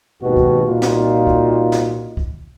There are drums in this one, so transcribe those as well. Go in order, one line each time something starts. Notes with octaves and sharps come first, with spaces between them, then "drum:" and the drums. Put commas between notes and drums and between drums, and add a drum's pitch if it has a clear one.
G#1 D#2 B2 F#4 G4
drum: kick
C2 A#2 D#4 F4 F#4
drum: snare
drum: kick
drum: snare
drum: kick